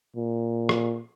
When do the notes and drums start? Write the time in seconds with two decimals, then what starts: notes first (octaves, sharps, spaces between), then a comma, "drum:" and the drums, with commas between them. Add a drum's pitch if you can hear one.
0.16 A#2
0.69 drum: rim click